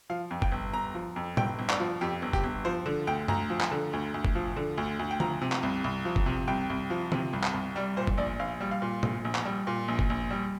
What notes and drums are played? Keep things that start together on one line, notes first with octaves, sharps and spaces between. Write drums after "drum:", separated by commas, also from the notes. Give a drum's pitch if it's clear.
F3 F5
F2
G5, drum: kick F1
G1
G1 A#5
F3
F2
G1 G5, drum: tom A2
G1
D5, drum: clap
F3
F2 G4
G1
G4, drum: kick F1
G1
F3 C5
D3
D2 G5
D2 A#5, drum: tom F#2
F3
drum: clap
D3
D2
D2
drum: kick F1
F3
D3
D2
D2
G5
F3 A#5, drum: tom D3
C3
drum: clap
C2
C2
F3
drum: kick F1
C3
C2 G5
C2
F3
C3, drum: tom D3
C2
drum: clap
C2
G3 D5
A#2 C5
drum: kick F1
A#1 D5
A#1 F5
G3
F5
A#2
A#1, drum: tom A2
A#1
drum: clap
G3
A#2
A#1
drum: kick F1
A#1
G3